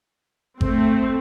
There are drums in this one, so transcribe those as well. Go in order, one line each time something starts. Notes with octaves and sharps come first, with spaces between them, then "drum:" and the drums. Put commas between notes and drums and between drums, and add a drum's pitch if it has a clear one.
A3 C4, drum: kick G#1